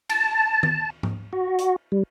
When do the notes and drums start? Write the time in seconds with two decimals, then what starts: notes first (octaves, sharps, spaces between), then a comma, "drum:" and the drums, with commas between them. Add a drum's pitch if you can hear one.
0.10 A5, drum: cymbal
0.63 drum: tom D#3
1.03 drum: tom G#2
1.33 F#4
1.59 drum: hi-hat
1.92 G3